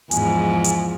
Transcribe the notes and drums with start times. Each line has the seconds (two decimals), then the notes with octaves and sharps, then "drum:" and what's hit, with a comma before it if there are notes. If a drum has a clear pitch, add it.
0.11 E2 G#2 F3 G#5, drum: hi-hat
0.64 drum: hi-hat